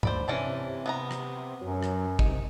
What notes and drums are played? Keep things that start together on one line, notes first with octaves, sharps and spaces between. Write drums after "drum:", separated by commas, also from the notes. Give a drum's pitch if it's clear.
D2 C5 D5 B5, drum: tom G2
C3 E3 C#4 D4
B3 D#5 A#5
drum: rim click
F#2 F#3
drum: rim click
C3 D#4, drum: kick